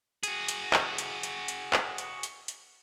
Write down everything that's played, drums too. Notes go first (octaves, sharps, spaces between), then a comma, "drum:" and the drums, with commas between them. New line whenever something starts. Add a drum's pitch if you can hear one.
F#4 G#4, drum: hi-hat
drum: hi-hat
drum: clap
drum: hi-hat
drum: hi-hat
drum: hi-hat
drum: clap
drum: hi-hat
drum: hi-hat
drum: hi-hat